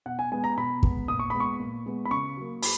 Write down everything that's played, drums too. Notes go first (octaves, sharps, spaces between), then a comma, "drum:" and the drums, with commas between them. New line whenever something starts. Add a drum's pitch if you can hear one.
B2 F#5
G#5
G#3 B3 G#5
A#5
B2 B5
G#3 B3, drum: kick
A#2 D#6
C#6
G#3 B3 B5
C#6
A#2
G#3 B3
B5
C#3 C#6
F#3 A#3
B5, drum: open hi-hat